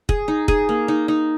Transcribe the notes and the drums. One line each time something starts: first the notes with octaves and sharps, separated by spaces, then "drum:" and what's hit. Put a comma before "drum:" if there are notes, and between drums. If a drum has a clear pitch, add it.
G#4, drum: kick
D#4
G#4, drum: kick
A#3
D#4
D#4